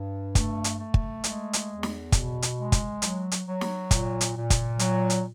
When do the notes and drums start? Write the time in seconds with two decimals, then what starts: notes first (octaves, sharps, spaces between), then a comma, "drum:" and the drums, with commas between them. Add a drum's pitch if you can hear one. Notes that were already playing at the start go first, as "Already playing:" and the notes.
Already playing: G2
0.35 A3, drum: kick, hi-hat
0.64 drum: hi-hat
0.79 A3
0.94 drum: kick
1.24 G#3, drum: hi-hat
1.53 drum: hi-hat
1.68 E2
1.83 drum: snare
2.12 B2, drum: kick, hi-hat
2.42 drum: hi-hat
2.57 G#3
2.72 drum: kick, hi-hat
3.02 F#3, drum: hi-hat
3.32 drum: hi-hat
3.46 F#3
3.61 drum: snare
3.91 A#2, drum: kick, hi-hat
4.21 drum: hi-hat
4.35 A#2
4.50 drum: kick, hi-hat
4.79 F#3, drum: hi-hat
5.10 drum: hi-hat